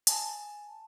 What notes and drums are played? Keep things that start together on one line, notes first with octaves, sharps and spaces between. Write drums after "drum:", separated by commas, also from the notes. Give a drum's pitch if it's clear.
G#5 A5, drum: hi-hat